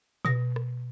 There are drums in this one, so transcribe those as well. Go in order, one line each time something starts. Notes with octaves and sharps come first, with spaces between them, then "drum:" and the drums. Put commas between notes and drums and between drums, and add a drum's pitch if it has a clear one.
B2 A#6, drum: tom B2
drum: rim click